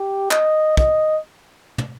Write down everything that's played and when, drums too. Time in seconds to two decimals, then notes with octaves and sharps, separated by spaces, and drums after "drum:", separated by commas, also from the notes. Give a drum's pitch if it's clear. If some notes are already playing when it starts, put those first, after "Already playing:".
Already playing: G4
0.31 D#5, drum: clap
0.77 D#5, drum: kick
1.78 drum: tom